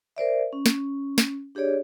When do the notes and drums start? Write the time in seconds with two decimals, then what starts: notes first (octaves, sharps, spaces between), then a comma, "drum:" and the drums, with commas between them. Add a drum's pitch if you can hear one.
0.17 A#4 C5 D5 E5
0.53 C#4
0.66 drum: snare
1.18 drum: snare
1.55 D4 G4 G#4 C#5 D5